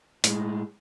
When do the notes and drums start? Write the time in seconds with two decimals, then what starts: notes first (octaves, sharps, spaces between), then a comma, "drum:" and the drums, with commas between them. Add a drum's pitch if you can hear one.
0.24 A2 G#3, drum: hi-hat